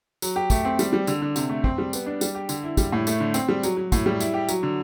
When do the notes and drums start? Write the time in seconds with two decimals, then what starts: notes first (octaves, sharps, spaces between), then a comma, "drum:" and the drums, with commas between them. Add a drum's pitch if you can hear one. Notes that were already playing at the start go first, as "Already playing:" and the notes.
0.22 F#3, drum: tambourine
0.36 G4
0.50 A3, drum: kick, tambourine
0.65 C4
0.79 G3, drum: tambourine
0.93 G3
1.07 D3, drum: tambourine
1.22 D3
1.36 C3, drum: tambourine
1.49 A3
1.64 C4, drum: kick
1.78 G3
1.93 B3, drum: tambourine
2.06 D4
2.21 G3, drum: tambourine
2.35 G4
2.49 D3, drum: tambourine
2.64 E4
2.77 G3, drum: kick, tambourine
2.93 A2
3.07 A3, drum: tambourine
3.20 D3
3.34 C4, drum: tambourine
3.48 G3
3.63 F#3, drum: tambourine
3.77 F#3
3.92 A2, drum: kick, tambourine
4.06 G3
4.20 E4, drum: tambourine
4.34 G4
4.49 F#3, drum: tambourine
4.63 D3